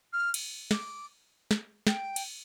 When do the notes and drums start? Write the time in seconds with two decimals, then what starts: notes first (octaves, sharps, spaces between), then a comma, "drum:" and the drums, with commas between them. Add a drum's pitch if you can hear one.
0.12 F6
0.34 drum: cymbal
0.71 D6, drum: snare
1.51 drum: snare
1.87 G5, drum: snare
2.16 drum: cymbal